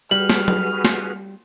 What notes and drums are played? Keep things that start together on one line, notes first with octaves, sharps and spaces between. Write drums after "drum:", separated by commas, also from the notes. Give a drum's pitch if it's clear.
G3 F#4 G#4 B4 F6 F#7
drum: snare
drum: tom F#3
drum: snare